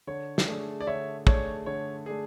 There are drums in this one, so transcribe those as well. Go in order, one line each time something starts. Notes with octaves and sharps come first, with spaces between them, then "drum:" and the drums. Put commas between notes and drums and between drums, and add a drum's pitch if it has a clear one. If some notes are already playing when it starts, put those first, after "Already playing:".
D3 C#5
drum: snare
A3 D4 G#4
D5
D3 C#5 E5
A3 D4 G#4 C#5, drum: kick
D3 C#5
A3 D4 G#4